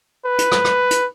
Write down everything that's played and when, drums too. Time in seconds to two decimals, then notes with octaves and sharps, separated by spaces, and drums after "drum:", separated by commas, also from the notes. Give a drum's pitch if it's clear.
0.26 B4
0.39 drum: hi-hat
0.52 drum: rim click
0.65 drum: rim click
0.91 drum: hi-hat